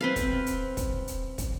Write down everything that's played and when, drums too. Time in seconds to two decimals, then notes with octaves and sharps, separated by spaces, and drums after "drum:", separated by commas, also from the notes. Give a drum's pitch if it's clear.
0.01 C4 B4 F5
0.16 drum: kick, hi-hat
0.46 drum: hi-hat
0.77 drum: kick, hi-hat
1.08 drum: hi-hat
1.38 drum: kick, hi-hat